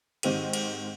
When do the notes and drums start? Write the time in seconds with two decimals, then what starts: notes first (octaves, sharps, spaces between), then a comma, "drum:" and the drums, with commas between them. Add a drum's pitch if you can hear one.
0.23 G#2 D#3 C4 G4 D#7, drum: cymbal
0.53 drum: cymbal